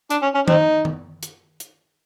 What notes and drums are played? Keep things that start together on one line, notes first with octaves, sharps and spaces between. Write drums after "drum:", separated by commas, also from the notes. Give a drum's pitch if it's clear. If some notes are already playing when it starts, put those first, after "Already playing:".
D4, drum: hi-hat
C#4
C#4
C4 D#4, drum: tom D#3
drum: tom D#3
drum: hi-hat
drum: hi-hat